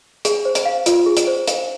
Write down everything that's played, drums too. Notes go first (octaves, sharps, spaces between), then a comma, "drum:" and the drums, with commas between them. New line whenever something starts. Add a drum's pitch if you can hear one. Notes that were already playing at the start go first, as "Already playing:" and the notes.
G#4, drum: hi-hat
C5
drum: hi-hat
F5
F4, drum: hi-hat
G#4
drum: hi-hat
C5
F5, drum: hi-hat